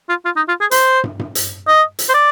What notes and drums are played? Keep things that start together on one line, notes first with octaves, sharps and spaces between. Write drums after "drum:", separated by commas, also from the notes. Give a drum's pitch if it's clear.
F4
F4
D#4
F4
G#4
C5, drum: hi-hat
drum: tom
drum: tom
drum: hi-hat
D#5
drum: hi-hat
C5
D5